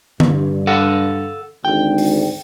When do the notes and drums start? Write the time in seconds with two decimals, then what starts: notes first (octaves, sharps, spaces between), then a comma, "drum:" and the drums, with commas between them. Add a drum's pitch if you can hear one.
0.20 G2, drum: tom D3
0.67 A4 F5 F#5
1.65 G#1 D2 G#2 G5
1.98 drum: open hi-hat